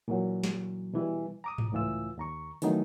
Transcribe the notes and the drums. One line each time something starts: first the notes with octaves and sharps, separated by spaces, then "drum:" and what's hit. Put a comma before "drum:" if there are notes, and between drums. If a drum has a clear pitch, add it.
A#2 E3 F#3
drum: snare
B2 E3 G3
A#5 D6 D#6
drum: tom G#2
C#2 A2 E3 F4 E6
D#2 A#5 C#6
D#3 E3 F#3 A3 B3 D#4, drum: hi-hat